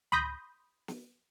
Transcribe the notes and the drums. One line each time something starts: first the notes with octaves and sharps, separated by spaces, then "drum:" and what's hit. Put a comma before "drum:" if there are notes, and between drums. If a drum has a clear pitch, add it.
B5 C6 D#6 G6 A#6, drum: tom C#2
drum: snare